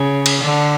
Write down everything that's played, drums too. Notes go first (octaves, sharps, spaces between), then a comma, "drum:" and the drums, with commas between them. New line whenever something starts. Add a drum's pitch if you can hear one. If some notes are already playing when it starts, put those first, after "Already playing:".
Already playing: C#3
drum: cymbal
D3